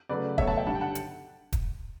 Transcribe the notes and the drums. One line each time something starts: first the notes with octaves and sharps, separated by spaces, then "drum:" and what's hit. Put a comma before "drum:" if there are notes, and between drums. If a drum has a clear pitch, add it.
C#3 F#3 A3 B4 D5
B2 F#3 A3 C#5 E5, drum: kick
F#5 A5
E5 G5
D3 G3 F#5 A5
G5
F#5 A5
drum: hi-hat
drum: kick, hi-hat